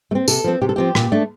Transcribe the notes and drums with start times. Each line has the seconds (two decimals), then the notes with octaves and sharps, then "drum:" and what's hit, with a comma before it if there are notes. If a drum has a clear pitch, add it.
0.11 A3
0.15 C4
0.28 C3 A4, drum: tambourine
0.44 F3 C4
0.61 C3 G4
0.69 A4
0.76 F3 C4 G4
0.95 A#2, drum: rim click
1.12 A3 D4